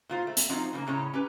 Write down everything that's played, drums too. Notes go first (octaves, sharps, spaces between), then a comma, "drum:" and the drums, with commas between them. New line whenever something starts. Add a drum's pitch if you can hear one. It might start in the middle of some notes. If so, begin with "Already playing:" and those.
A#2 F4 C5
A3
drum: hi-hat
F3 F#3 C4 D#4
C#3 E3 A#3
A2 C#3 C#5 A#5
C#4 G4 B4